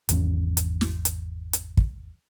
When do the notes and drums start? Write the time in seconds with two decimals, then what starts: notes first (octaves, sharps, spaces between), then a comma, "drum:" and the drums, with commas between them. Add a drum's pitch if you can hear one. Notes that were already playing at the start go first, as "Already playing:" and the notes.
0.09 G#1 E2 C#4, drum: hi-hat
0.57 drum: hi-hat
0.81 drum: snare
1.05 drum: hi-hat
1.53 drum: hi-hat
1.77 drum: kick